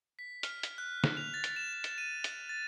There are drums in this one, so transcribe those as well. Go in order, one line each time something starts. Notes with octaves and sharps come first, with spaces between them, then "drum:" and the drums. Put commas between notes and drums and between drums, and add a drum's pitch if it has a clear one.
B6
F6, drum: hi-hat
drum: hi-hat
F#6
drum: snare
F7
A6
drum: hi-hat
E7
E7
drum: hi-hat
D#7
drum: hi-hat
A6